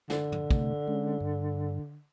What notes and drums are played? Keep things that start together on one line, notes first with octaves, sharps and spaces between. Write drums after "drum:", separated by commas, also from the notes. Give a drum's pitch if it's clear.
D3, drum: snare
drum: tom
C3 A3, drum: kick
G#3 C#4
G2